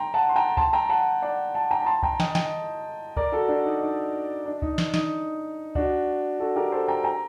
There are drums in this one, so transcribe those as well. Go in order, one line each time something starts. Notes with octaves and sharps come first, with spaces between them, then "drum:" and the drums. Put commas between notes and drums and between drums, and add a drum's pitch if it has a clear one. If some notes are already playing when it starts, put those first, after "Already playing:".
Already playing: G5 A#5 C6
F#5 A5
C6
G5 A#5
A5 C6, drum: kick C2
G5 A#5
F#5 A5
D5 F#5
F#5 A5
G5 A#5
A#5
A5 C6
G5 A#5, drum: kick C2
D#5 G5, drum: snare
D#5 G5, drum: snare
A#4 D5, drum: kick C2
F#4 A4
D4 F#4
D#4
D#4
D4
D#4, drum: kick C2
drum: snare
D#4, drum: snare
D4 F#4, drum: kick C2
F#4 A4
G4 A#4
A4 C5
G5 A#5
G5 A#5